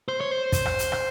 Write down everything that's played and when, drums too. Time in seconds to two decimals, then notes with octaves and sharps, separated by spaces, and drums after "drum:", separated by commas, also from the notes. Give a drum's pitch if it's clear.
0.08 C5
0.21 C#5
0.31 C5
0.52 drum: kick, hi-hat
0.66 drum: rim click
0.79 drum: hi-hat
0.92 drum: rim click